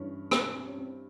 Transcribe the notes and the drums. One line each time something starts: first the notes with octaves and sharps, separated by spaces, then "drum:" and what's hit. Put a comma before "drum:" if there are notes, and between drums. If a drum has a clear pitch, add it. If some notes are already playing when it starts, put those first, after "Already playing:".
Already playing: G2 E3 C#4
drum: rim click
C4
C#4
C4